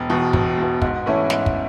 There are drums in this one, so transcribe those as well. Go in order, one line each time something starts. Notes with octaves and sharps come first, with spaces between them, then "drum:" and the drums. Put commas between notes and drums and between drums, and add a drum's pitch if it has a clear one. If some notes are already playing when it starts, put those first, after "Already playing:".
Already playing: E1
E2 B2
E1, drum: kick
E2 B2
G#2, drum: kick
E3 A3 C#4 E4
G#2, drum: snare
drum: kick